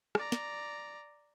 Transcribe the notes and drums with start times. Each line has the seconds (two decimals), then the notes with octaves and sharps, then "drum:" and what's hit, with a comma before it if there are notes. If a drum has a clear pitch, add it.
0.15 D5 A#5, drum: rim click
0.32 drum: snare